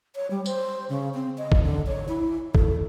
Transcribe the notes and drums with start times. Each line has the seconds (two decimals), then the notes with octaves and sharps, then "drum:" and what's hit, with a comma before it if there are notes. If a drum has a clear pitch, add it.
0.15 C#5
0.31 G3
0.46 C5, drum: tambourine
0.89 C#3
1.14 C4
1.38 D#5
1.52 drum: kick
1.63 D3
1.87 C#5
2.08 E4
2.55 A4, drum: kick